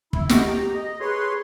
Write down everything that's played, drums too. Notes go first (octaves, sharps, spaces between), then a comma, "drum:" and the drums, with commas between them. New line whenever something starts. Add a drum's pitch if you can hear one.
E4, drum: kick
F#4 G4 D#5 G5, drum: snare
A#5
D#5
G#4 B4 C#5 C6